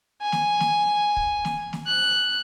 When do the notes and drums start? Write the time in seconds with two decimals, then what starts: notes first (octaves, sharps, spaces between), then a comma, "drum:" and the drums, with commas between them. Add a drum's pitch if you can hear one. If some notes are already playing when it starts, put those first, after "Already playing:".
0.21 G#5
0.32 drum: snare
0.60 drum: snare
1.17 drum: kick
1.45 drum: snare
1.73 drum: snare
1.87 F#6